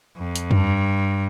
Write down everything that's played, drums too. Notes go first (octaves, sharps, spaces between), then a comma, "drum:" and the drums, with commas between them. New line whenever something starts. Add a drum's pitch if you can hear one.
F2
drum: hi-hat
G2, drum: tom F2